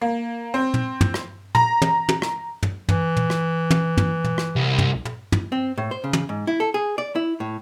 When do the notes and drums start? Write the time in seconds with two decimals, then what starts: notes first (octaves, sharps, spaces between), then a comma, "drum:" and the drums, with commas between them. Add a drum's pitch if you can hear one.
0.01 A#3
0.54 C4
0.74 drum: tom
1.01 drum: tom
1.14 drum: rim click
1.55 A#5, drum: tom
1.82 drum: tom
2.09 drum: tom
2.22 drum: rim click
2.63 drum: tom
2.89 E3, drum: tom
3.17 drum: tom
3.30 drum: rim click
3.70 drum: tom
3.97 drum: tom
4.24 drum: tom
4.38 drum: rim click
4.56 C2
4.78 drum: tom
5.05 drum: tom
5.32 drum: tom
5.52 C4
5.78 A2
5.91 C5
6.04 C#3
6.13 drum: tom
6.29 G#2
6.47 E4
6.60 A4
6.74 G#4
6.98 D5
7.16 E4
7.40 A2